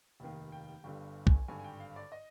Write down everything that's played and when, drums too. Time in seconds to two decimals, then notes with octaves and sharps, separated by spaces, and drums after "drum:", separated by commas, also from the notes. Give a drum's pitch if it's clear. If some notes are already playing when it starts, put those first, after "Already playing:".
0.20 F1 D#2 D#3
0.52 G5
0.84 G1 G2 D3
1.27 G#5, drum: kick
1.48 G#1 G2 D3 G#5
1.60 G#5
1.64 G5
1.80 F5
1.96 D5
2.12 D#5